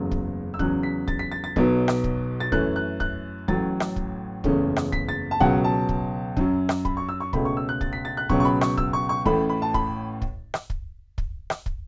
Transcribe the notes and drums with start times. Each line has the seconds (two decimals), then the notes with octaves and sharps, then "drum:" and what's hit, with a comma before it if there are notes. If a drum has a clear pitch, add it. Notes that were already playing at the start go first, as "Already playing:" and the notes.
Already playing: F#1 E2 C#3 F#3 A3
0.11 drum: kick
0.54 E6
0.59 E2 C#3 F#3 C#4 F#6, drum: kick
0.83 B6
1.08 A6, drum: kick
1.19 B6
1.32 A6
1.44 A6
1.56 B1 B2 F#3 B3, drum: kick
1.88 drum: rim click
2.04 drum: kick
2.40 A6
2.52 F#2 E3 A3 C#4 F#6, drum: kick
2.76 F#6
3.00 F#6, drum: kick
3.48 A1 A2 F#3 C#4 A6, drum: kick
3.80 drum: rim click
3.96 drum: kick
4.44 F#1 E2 C#3 A3 C#4, drum: kick
4.76 drum: rim click
4.92 B6, drum: kick
5.09 A6
5.31 A5
5.40 C#2 B2 F#3 C#4 F#5, drum: kick
5.64 A5
5.89 drum: kick
6.37 F#2 F#3 C#4, drum: kick
6.69 drum: rim click
6.85 B5, drum: kick
6.97 C#6
7.09 E6
7.20 C#6
7.33 C#2 B2 A3 C#4 B5, drum: kick
7.45 C#6
7.57 E6
7.69 F#6
7.81 A6, drum: kick
7.93 B6
8.05 A6
8.17 F#6
8.29 C#2 B2 F#3 C#4 C#6, drum: kick
8.40 C#6
8.45 B5
8.61 C#6, drum: rim click
8.77 E6, drum: kick
8.93 C#6
9.09 C#6
9.25 A1 A2 A3 C#4 B5, drum: kick
9.50 B5
9.62 A5
9.74 B5, drum: kick
10.22 drum: kick
10.54 drum: rim click
10.70 drum: kick
11.18 drum: kick
11.50 drum: rim click
11.66 drum: kick